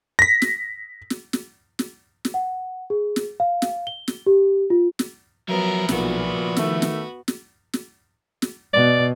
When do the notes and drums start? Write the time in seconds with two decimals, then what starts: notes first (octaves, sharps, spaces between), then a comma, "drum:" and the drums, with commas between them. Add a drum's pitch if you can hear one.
0.19 A#6 B6
0.42 drum: snare
1.10 drum: snare
1.33 drum: snare
1.79 drum: snare
2.25 drum: snare
2.34 F#5
2.90 G#4
3.16 drum: snare
3.40 F5
3.62 drum: snare
3.87 G7
4.08 drum: snare
4.26 G4
4.70 F4
4.99 drum: snare
5.49 F3 F#3 B3 E4 A#4
5.89 B1 A#2 B3 F#4, drum: snare
6.57 D#3 A3, drum: snare
6.82 drum: snare
7.28 drum: snare
7.73 drum: snare
8.42 drum: snare
8.74 B2 D5